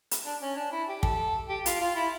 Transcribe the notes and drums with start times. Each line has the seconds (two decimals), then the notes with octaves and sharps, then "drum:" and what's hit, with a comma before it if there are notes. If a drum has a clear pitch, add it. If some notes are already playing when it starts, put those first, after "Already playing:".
0.11 drum: hi-hat
0.25 D4
0.41 C#4
0.56 D4
0.72 E4
0.88 G4
1.03 A4, drum: kick
1.49 G4
1.66 F4, drum: hi-hat
1.81 F4
1.96 E4